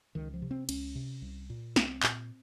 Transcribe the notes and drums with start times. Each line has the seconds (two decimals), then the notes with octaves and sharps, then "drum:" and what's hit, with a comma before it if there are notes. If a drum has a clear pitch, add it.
0.15 C#2 D#3
0.34 F3
0.42 C3
0.51 C4
0.69 C#2 C#4, drum: cymbal
0.95 C3
1.22 C2
1.50 A#2
1.76 C2 C4, drum: snare
2.03 A#2, drum: clap